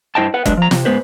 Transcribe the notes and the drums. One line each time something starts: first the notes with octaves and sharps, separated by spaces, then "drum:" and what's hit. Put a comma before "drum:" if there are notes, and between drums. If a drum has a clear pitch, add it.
G2 E4 C5 D#5 G5 A5
B4 F#5
F#3 G#3 D4 B4 D#5, drum: kick F#1, hi-hat
F3 A#5
C3, drum: snare
G#2 D#3 G#3 B3 B4 C5